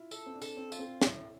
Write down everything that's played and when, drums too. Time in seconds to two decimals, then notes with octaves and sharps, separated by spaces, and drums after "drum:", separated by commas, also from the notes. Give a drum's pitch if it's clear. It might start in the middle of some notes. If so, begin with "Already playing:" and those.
Already playing: E4 F4
0.11 A4, drum: tambourine
0.26 C4
0.34 D4
0.42 A4, drum: tambourine
0.57 C4
0.72 F4, drum: tambourine
0.79 C4
1.02 A2 E4, drum: snare